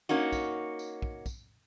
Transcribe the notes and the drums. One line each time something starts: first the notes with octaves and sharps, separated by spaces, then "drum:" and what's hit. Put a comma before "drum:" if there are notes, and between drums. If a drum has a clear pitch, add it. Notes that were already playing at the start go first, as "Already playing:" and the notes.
A#3 C#4 D#4 F#4
drum: kick, tambourine
drum: tambourine
drum: kick
drum: kick, tambourine